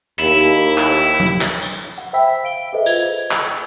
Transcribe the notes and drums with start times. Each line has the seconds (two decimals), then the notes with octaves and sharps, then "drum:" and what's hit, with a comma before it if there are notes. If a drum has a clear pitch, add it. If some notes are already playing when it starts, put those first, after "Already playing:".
0.19 D#2 E4
0.78 drum: clap
1.20 drum: tom
1.41 drum: clap
1.62 drum: tambourine
1.98 F#5
2.13 C5 E5 G5 B5 E6 B6
2.44 F5 D7 G7
2.73 G#4 A4 B4 C5 D#5 E5
2.86 F4 C5 D#5 G#6 F7, drum: tambourine
3.31 E6, drum: clap